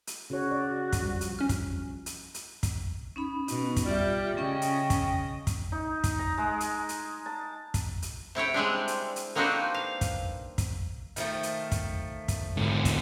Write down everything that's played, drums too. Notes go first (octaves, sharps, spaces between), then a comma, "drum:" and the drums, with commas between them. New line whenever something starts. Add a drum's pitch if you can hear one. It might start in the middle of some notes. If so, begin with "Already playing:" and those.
drum: hi-hat
C#3 F#4 C#5
D5
drum: kick, hi-hat
F3 G3
drum: hi-hat
C#4 F6
drum: kick, hi-hat
drum: hi-hat
drum: hi-hat
drum: kick, hi-hat
C#4 D#4 B5
B2, drum: hi-hat
drum: kick, hi-hat
G3 F4 G4 E5
C#3 C#4 D#5 G5 C#6
drum: hi-hat
drum: kick, hi-hat
drum: kick, hi-hat
D#4
drum: kick, hi-hat
A#5
G#3
drum: hi-hat
drum: hi-hat
A5
drum: kick, hi-hat
drum: hi-hat
C3 E4 C#5 G5
G3 G#3 C4 D4
drum: hi-hat
drum: hi-hat
A#3 C4 D4 D#4 F#4 B4
F5
drum: kick, hi-hat
drum: kick, hi-hat
D#3 F3 A3, drum: hi-hat
drum: hi-hat
drum: kick, hi-hat
drum: kick, hi-hat
G#2 D3
drum: kick, hi-hat